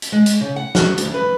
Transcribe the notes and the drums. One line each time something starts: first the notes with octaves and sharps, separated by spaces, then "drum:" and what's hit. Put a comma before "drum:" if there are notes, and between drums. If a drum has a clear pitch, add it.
drum: hi-hat
G#3
drum: hi-hat
C#3
F#5
F#4, drum: snare
D2, drum: hi-hat
B4